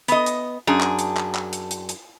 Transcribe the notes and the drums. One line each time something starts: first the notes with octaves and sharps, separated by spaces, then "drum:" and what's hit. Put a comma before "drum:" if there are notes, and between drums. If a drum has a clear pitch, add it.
B3 D#5, drum: hi-hat
drum: hi-hat
F#2 D4 G#4
drum: clap
drum: hi-hat
drum: clap
drum: clap
drum: hi-hat
drum: hi-hat
drum: hi-hat